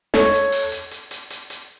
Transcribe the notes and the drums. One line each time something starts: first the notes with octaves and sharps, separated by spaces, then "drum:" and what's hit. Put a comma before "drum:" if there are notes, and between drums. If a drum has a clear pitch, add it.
A4 C#5, drum: snare
drum: hi-hat
drum: open hi-hat
drum: hi-hat
drum: hi-hat
drum: hi-hat
drum: hi-hat
drum: hi-hat